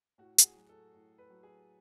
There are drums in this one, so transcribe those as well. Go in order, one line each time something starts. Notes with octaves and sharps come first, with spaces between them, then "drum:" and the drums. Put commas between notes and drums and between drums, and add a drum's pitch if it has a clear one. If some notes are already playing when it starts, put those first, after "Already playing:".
A2 F#4
F#4, drum: hi-hat
G#4
F#3
A4
A2
B4
F#3
G#4